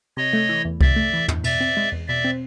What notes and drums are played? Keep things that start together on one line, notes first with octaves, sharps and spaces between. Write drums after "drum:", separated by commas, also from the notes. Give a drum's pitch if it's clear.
C3 C#5 D#5
A3
E3
E2
C3 D5 E5, drum: kick C2
A3
E3
E2, drum: tom
B2 D5 E5, drum: cymbal
C4
G#3
E2
B2 D5 E5
C4